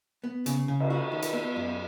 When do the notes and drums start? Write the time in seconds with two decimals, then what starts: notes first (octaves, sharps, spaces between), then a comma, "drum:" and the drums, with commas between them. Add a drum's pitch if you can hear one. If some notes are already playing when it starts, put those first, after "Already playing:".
0.24 B3
0.46 C#3, drum: hi-hat
0.68 C#3
0.80 drum: cymbal
0.90 F#4
1.12 D#3
1.22 drum: hi-hat
1.33 B3
1.56 F#2